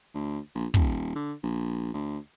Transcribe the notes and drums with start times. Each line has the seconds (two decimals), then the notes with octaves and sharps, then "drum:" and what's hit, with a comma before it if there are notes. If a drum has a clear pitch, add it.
0.14 D2
0.55 A#1
0.74 D#1, drum: kick
1.15 D3
1.43 A#1
1.94 D2